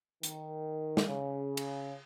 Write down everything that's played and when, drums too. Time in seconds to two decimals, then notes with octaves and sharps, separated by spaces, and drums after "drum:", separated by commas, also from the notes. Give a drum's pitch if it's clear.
0.23 D#3, drum: hi-hat
0.97 drum: snare
1.08 C#3
1.57 drum: cymbal